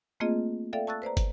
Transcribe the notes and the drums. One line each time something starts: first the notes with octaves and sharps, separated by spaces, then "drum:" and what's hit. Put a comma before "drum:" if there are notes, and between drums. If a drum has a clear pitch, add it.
A3 A#3 C4 F4 G#4 D#5
A4 D5 E5 F5 G5
A5 C#6 E6 F#6 A6
B4 C5 D5 A#5
drum: kick, hi-hat